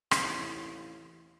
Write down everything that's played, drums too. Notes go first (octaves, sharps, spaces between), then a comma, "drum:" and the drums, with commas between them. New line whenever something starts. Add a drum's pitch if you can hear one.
A1 D#2 C3 E4 C6, drum: rim click